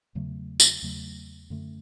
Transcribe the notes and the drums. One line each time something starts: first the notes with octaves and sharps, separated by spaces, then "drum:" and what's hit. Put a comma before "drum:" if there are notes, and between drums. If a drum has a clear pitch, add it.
E2 C#3 F#3 A3
drum: tambourine
E2 C#3 F#3 A3
F#2 D3 A3